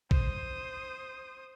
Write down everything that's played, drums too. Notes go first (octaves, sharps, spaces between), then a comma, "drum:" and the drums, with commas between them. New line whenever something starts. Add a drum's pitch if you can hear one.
C5 D#6, drum: kick A#1